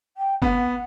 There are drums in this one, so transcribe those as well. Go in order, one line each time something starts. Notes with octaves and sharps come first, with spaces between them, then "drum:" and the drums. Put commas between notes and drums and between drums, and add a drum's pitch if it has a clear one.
G5
B3 F#5, drum: kick G1